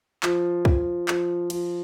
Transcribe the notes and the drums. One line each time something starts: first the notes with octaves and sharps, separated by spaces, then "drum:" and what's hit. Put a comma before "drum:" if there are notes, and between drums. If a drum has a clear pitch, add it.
F3, drum: clap
F3, drum: kick
F3, drum: clap
F3, drum: cymbal